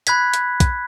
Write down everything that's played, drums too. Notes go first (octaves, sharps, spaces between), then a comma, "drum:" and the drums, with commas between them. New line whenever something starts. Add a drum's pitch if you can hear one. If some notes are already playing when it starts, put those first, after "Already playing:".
B5 F#6 G#6 B6, drum: hi-hat
drum: hi-hat
drum: kick, hi-hat